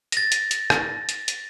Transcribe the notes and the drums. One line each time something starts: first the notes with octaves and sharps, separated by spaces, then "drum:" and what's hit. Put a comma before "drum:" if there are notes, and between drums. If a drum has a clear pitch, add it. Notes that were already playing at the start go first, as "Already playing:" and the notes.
A6 A#6, drum: hi-hat
drum: hi-hat
drum: hi-hat
drum: rim click
drum: hi-hat
drum: hi-hat